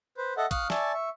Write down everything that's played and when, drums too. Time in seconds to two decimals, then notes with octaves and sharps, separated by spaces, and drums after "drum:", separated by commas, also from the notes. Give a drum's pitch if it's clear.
0.17 B4 C5
0.37 A4 D#5 E5 F#5
0.51 F5 C#6 D#6 F6 F#6, drum: kick A#1, hi-hat
0.70 D5 E5 G#5 A5 C#6, drum: snare
0.93 E5 C#6